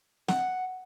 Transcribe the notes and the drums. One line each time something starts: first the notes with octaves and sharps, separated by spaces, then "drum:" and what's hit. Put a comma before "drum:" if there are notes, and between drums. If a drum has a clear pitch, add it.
F#5, drum: snare